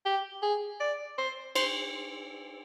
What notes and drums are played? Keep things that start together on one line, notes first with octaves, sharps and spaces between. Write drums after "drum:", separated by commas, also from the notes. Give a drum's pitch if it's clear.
G4
G#4
D5
C5
C5, drum: cymbal